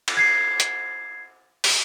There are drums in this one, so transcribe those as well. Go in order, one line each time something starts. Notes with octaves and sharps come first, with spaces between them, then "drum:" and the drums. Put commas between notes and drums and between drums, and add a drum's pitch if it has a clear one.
drum: cymbal
G#6 C7
drum: hi-hat
drum: open hi-hat